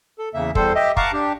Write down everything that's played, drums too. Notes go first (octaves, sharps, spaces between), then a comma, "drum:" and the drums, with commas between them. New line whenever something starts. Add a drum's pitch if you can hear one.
A4
E2 C#3 A#3 E5
E2 G3 A4 C5, drum: kick
G4 D#5 E5
F5 F#5 A5 A#5 C#6 D6, drum: kick
D4 G4